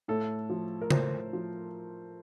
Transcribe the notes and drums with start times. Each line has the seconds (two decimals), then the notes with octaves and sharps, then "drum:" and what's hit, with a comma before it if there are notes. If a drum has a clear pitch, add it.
0.08 A2 A4
0.50 F3
0.81 A#4
0.91 A2 C5, drum: tom C#3
1.33 F3